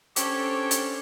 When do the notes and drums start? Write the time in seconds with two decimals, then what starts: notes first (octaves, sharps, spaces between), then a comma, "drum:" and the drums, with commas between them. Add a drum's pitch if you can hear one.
0.16 C#4 D4 G4 A4 C5, drum: hi-hat
0.71 drum: hi-hat